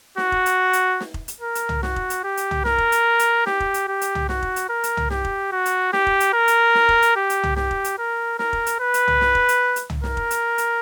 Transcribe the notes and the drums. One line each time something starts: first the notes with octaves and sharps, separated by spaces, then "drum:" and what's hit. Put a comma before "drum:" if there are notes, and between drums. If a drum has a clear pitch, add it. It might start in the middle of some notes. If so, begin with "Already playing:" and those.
F#4, drum: snare
drum: kick F1
drum: hi-hat
drum: hi-hat
drum: snare
drum: kick F1
drum: hi-hat
A#4
drum: hi-hat
drum: tom
F#4, drum: snare
drum: kick F1
drum: hi-hat
G4
drum: hi-hat
drum: tom
A#4, drum: snare
drum: kick F1
drum: hi-hat
drum: hi-hat
G4, drum: snare
drum: kick F1
drum: hi-hat
G4
drum: hi-hat
drum: tom
F#4, drum: snare
drum: kick F1
drum: hi-hat
A#4
drum: hi-hat
drum: tom
G4, drum: snare
drum: kick F1
F#4
drum: hi-hat
G4, drum: snare
drum: kick F1
drum: hi-hat
A#4
drum: hi-hat
drum: snare
drum: kick F1
drum: hi-hat
G4
drum: hi-hat
drum: tom
G4, drum: snare
drum: kick F1
drum: hi-hat
A#4
A#4, drum: snare
drum: kick F1
drum: hi-hat
B4
drum: hi-hat
drum: tom
drum: snare
drum: kick F1
drum: hi-hat
drum: hi-hat
drum: tom
A#4, drum: snare
drum: kick F1
drum: hi-hat
drum: hi-hat